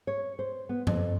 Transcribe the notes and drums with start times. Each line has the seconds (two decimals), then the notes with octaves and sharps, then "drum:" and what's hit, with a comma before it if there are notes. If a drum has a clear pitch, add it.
0.07 C#5
0.39 C5
0.69 B3
0.87 F2, drum: tom F#2